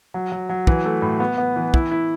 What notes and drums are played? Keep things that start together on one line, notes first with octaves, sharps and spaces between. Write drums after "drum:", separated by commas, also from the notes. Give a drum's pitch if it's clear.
F#3
F#3
F#3
E3, drum: kick
A3
A2
B3
B3
E3
E4, drum: kick
E4